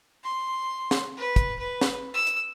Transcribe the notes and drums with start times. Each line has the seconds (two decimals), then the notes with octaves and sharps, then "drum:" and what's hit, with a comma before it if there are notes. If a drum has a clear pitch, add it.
0.24 C6
0.91 drum: snare
1.17 B4
1.36 drum: kick, hi-hat
1.59 B4
1.81 drum: snare
2.14 E6
2.27 drum: hi-hat